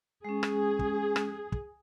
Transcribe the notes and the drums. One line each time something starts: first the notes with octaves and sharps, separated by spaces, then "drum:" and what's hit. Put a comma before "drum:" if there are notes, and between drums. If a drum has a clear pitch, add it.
G#3 C#4 G#4
drum: rim click
drum: kick
drum: rim click
drum: kick